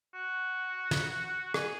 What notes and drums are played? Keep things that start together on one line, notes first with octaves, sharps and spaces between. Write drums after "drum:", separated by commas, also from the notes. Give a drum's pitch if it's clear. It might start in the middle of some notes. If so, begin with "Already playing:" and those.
F#4
drum: snare
G#4, drum: rim click